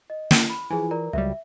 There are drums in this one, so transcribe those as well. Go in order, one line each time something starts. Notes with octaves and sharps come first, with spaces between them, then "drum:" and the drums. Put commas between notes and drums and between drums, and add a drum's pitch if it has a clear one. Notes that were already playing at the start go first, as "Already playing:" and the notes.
D#5
drum: snare
B5
E3 F3 G#4 G#5
A#4 D5 A#5
C#2 F#3 G3 E5